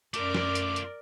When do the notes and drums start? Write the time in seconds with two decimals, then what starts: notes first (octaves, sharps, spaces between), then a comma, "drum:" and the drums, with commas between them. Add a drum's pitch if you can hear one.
0.14 F#2 A3 F4 A#4 D5 D6, drum: hi-hat
0.35 drum: snare
0.55 drum: hi-hat
0.76 drum: hi-hat